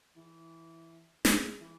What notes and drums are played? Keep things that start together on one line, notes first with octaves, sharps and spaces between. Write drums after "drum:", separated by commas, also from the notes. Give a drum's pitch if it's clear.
E3
C#3, drum: snare
E3